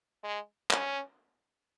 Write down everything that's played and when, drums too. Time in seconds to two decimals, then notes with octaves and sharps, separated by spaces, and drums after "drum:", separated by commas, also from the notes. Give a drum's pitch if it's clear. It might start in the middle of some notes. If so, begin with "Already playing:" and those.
0.24 G#3
0.71 C#4, drum: clap